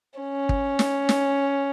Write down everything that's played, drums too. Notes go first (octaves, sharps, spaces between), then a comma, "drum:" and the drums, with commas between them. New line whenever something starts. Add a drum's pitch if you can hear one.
C#4
drum: kick
drum: snare
drum: snare